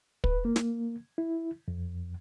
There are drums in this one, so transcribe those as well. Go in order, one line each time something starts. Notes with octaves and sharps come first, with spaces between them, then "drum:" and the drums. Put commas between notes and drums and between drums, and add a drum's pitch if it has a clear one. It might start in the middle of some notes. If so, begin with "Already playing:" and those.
B4, drum: kick
A#3
drum: snare
E4
F2